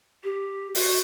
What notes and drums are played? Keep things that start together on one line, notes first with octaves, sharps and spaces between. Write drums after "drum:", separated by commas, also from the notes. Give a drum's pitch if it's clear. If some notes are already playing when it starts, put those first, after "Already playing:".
G4
F#4, drum: open hi-hat